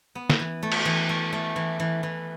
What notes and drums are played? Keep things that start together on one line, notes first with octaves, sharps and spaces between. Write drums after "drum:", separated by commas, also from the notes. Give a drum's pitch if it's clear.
B3
drum: snare
E3
A3
drum: cymbal
E3
A3
A3
E3
E3
E3